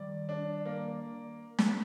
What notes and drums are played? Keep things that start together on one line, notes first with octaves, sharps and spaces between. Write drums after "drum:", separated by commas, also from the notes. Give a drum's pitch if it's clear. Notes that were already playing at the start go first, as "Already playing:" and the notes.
Already playing: D#3 G3 D5
D4
A#3
drum: snare